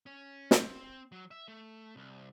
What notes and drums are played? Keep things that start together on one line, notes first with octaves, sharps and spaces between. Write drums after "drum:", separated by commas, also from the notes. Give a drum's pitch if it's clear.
C#4
C4, drum: snare
F#3
E5
A3
C2